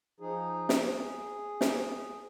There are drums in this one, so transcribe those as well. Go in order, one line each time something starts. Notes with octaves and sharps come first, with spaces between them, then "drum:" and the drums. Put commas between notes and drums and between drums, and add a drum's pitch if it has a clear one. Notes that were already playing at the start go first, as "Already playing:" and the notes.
F3 D#4 G#4
drum: snare
G#4
drum: snare